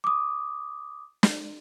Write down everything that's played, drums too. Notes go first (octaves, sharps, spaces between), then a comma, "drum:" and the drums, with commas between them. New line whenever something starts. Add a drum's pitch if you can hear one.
D6 D#6
drum: snare